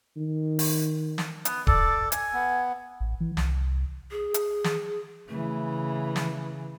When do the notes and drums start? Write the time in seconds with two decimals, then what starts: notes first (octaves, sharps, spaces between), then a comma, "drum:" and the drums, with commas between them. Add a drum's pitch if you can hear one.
0.17 D#3
0.59 drum: open hi-hat
1.18 drum: snare
1.45 B3, drum: hi-hat
1.67 A4 D5, drum: kick D1
2.12 G#5, drum: hi-hat
2.34 B3
3.00 A1
3.20 E3
3.37 C2, drum: snare
4.11 G#4
4.34 drum: hi-hat
4.64 drum: snare
5.29 C#3 E3 A3
6.16 drum: snare